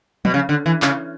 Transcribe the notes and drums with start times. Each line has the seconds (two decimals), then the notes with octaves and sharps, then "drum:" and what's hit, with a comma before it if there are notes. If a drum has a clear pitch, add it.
0.25 B2, drum: tom F3
0.34 C#3
0.49 D3
0.66 E3
0.82 C#3, drum: clap